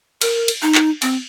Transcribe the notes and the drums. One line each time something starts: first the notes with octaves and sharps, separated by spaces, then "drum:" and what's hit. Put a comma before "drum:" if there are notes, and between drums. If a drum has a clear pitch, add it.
A#4, drum: cymbal
drum: cymbal
D#4
drum: clap
C4, drum: cymbal